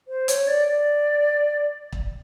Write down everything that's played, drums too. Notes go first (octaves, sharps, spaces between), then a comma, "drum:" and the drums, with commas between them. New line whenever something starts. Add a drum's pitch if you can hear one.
C5
C#5, drum: hi-hat
D5
D5
drum: kick